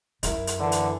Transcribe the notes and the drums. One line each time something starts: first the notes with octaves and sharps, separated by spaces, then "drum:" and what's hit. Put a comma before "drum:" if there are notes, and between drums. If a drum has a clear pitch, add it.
F#2 E4 A#4, drum: hi-hat
drum: hi-hat
D3 E3
drum: hi-hat